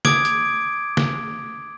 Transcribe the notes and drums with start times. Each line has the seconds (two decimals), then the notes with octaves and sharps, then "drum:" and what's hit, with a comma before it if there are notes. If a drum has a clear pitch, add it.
0.05 D6 D#6 G#6 D7, drum: snare
0.25 drum: hi-hat
0.97 drum: snare